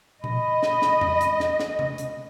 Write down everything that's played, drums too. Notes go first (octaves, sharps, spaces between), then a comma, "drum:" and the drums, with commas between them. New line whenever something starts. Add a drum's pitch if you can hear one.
D#5 B5, drum: tom A#2
drum: snare
drum: snare
drum: tom E2
drum: hi-hat
drum: snare
drum: snare
drum: tom C3
drum: hi-hat